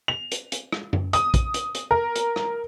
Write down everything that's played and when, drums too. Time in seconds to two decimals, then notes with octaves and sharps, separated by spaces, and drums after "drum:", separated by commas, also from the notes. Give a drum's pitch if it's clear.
0.08 F7
0.32 drum: hi-hat
0.52 drum: hi-hat
0.72 drum: rim click
0.93 drum: tom F#2
1.13 D#6, drum: hi-hat
1.34 drum: kick, hi-hat
1.54 drum: hi-hat
1.75 drum: hi-hat
1.91 A#4
2.16 drum: hi-hat
2.36 drum: rim click